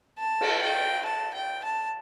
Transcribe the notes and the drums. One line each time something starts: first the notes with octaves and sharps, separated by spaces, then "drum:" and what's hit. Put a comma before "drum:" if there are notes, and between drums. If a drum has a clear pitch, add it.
A5
drum: cymbal
G5
A5
G5
A5